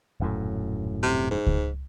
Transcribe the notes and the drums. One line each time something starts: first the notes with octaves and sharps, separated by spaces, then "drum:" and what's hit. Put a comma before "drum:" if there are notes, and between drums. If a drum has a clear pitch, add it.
D#1 F#2 A2
C3
G#2
drum: kick C#2